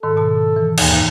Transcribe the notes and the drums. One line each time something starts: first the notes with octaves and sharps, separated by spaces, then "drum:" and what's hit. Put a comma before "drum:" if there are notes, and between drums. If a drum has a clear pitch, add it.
G#2 D#3 A4
B2 A5
E3
D#2 G#2 D#4, drum: cymbal
F#2 D#4